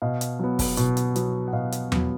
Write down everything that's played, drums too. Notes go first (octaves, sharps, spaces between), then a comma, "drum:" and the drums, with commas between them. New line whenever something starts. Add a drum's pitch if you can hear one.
B2 D#5 F5
drum: hi-hat
F#3 B3
drum: kick, open hi-hat
B2, drum: hi-hat
drum: hi-hat
F#3 B3, drum: hi-hat
F#5
B2 D#5 F5
drum: hi-hat
F#3 B3, drum: tom E2